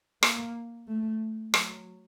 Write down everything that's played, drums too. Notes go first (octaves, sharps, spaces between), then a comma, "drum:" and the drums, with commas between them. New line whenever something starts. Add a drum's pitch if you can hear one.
A#3, drum: rim click
A3
F#3, drum: rim click